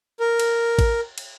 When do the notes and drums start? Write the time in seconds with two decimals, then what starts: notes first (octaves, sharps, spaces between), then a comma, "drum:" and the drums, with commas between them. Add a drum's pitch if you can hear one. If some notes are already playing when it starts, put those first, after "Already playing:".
0.20 A#4
0.39 drum: cymbal
0.79 drum: kick A1, cymbal
1.18 drum: cymbal